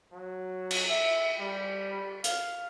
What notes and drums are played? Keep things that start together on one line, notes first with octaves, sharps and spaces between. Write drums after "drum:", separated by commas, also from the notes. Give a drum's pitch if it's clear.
F#3
drum: cymbal
E5
G3
F5, drum: hi-hat